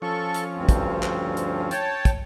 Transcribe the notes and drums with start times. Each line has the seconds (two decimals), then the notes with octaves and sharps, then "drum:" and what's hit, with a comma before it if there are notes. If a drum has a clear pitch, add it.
0.02 F3 C#4 A4 C#6
0.34 drum: hi-hat
0.57 D2 G2 C4
0.69 drum: kick, hi-hat
1.03 drum: clap
1.37 drum: hi-hat
1.71 C#5 G5 A5, drum: hi-hat
2.05 drum: kick, hi-hat